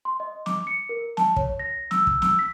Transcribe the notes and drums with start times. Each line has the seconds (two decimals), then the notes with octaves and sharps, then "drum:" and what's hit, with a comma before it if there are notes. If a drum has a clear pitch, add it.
0.05 C6
0.20 D#5
0.46 D6, drum: snare
0.67 C#7
0.89 A#4
1.17 A5, drum: snare
1.36 C#5, drum: kick
1.59 A#6
1.91 E6, drum: snare
2.07 drum: kick
2.22 E6, drum: snare
2.39 B6